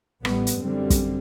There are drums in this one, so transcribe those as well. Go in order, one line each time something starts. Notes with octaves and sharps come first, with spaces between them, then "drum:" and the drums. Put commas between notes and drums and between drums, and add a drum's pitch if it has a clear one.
A1 G3 B3, drum: rim click
drum: hi-hat
F#2 D3 G3 C4
drum: kick, hi-hat